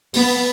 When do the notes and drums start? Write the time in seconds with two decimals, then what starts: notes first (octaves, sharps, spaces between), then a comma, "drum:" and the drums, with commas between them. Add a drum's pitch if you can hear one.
0.14 B3, drum: open hi-hat